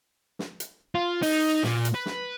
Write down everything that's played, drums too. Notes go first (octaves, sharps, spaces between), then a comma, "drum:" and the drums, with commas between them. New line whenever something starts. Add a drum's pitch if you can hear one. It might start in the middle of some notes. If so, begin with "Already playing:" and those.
drum: snare
drum: hi-hat
F4
D#4, drum: open hi-hat
A#2, drum: snare
drum: hi-hat
B4
drum: snare